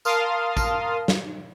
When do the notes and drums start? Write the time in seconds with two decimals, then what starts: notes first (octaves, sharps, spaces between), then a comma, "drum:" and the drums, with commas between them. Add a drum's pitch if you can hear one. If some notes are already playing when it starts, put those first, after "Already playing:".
0.05 A#4 F5 A5 C6 D#6 F6, drum: tambourine
0.57 drum: kick A1, tambourine
1.08 drum: snare